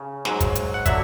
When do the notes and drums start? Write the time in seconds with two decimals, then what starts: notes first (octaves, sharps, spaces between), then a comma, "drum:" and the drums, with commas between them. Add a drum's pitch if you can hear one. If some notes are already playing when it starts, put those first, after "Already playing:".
Already playing: C#3
0.25 G#2 F#3, drum: snare
0.40 drum: kick, hi-hat
0.55 drum: hi-hat
0.74 F#5
0.86 D3 F#3 E5, drum: kick, hi-hat